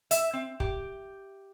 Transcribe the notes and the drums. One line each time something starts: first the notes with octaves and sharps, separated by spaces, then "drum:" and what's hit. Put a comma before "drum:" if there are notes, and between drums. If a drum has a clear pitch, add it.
E5, drum: hi-hat
C4
G4, drum: kick